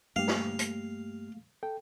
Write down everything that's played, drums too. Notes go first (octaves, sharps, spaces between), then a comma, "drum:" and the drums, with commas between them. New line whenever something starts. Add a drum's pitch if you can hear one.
G2 A3 A#3 G4 F5
drum: snare
drum: hi-hat
A4 G5